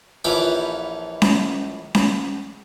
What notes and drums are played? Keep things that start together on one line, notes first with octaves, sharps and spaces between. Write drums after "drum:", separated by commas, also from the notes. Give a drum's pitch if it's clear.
A#1 E3 F3 C#4 B4 D6
drum: snare C#4
drum: snare C#4